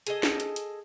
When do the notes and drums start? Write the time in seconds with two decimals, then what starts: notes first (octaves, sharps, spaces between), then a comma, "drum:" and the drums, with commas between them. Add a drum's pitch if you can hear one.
0.07 G#4 A4 D#5, drum: hi-hat
0.23 drum: snare
0.40 drum: hi-hat
0.56 drum: hi-hat